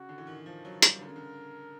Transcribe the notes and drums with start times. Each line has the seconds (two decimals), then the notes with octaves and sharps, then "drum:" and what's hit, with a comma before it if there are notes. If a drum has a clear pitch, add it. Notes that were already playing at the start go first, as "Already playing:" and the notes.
Already playing: C#3 F#4
0.09 D3
0.18 E3
0.27 D#3
0.46 F3
0.65 F#3
0.82 G3, drum: hi-hat
1.01 D3 A#4
1.09 C#3
1.16 D3